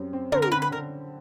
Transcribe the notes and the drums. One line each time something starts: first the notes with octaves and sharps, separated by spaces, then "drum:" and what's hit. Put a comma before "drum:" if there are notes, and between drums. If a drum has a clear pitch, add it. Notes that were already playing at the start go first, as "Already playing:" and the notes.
Already playing: F#2 G3 C4
C4
D3 A#4, drum: tom
A#4
D3 B4
B4
D3 A#4